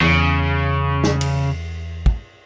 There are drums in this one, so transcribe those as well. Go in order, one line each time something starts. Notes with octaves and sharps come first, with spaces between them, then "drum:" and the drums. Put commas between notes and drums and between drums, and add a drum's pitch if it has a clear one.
E2 C#3
drum: snare
drum: cymbal
drum: kick